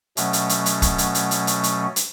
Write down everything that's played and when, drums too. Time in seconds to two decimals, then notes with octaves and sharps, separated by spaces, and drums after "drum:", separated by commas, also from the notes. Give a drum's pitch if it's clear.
0.17 B2 F#3 A3 C#4, drum: hi-hat
0.33 drum: hi-hat
0.49 drum: hi-hat
0.66 drum: hi-hat
0.82 drum: kick, hi-hat
0.98 drum: hi-hat
1.15 drum: hi-hat
1.31 drum: hi-hat
1.47 drum: hi-hat
1.63 drum: hi-hat
1.96 drum: hi-hat